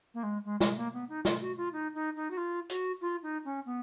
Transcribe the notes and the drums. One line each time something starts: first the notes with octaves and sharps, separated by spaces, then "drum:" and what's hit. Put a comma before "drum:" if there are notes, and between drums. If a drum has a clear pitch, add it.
A#3
G#3
G#3
G#3, drum: snare
A#3
B3
D#4
F4, drum: snare
F#4
F4
D#4
D#4
D#4
F#4
F4
F#4, drum: hi-hat
F4
D#4
C#4
B3